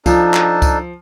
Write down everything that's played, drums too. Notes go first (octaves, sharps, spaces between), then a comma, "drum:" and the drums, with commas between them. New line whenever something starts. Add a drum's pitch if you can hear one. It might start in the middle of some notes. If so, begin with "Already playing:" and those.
F3 D4 D#4 A4, drum: kick C#2, tambourine
drum: clap
drum: kick C#2, tambourine